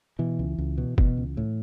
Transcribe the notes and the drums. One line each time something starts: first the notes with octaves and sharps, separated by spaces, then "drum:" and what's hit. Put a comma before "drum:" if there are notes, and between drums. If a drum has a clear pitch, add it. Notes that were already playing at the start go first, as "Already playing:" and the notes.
B2 E3
C#2
C#2
B2
B2, drum: kick F#1
C#2
A2